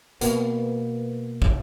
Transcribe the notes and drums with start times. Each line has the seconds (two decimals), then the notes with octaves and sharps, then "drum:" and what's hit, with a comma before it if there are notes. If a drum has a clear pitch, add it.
0.21 B2 A#3 B3, drum: hi-hat
1.42 drum: kick